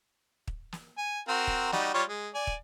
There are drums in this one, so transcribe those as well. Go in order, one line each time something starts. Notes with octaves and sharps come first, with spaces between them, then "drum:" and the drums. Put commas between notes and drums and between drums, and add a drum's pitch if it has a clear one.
drum: kick
drum: snare
G#5
C4 F#4 A#4
drum: kick
G3 D#4 F#4, drum: snare
G3 F4 C#5
G#3
D5 G#5
drum: kick